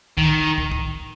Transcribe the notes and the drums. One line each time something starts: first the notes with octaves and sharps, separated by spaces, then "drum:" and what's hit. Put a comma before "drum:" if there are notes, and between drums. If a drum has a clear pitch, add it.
D#3, drum: kick
drum: kick
drum: kick